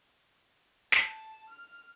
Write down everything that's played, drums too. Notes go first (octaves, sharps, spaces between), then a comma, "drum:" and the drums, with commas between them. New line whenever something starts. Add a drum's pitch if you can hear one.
A5, drum: snare
F6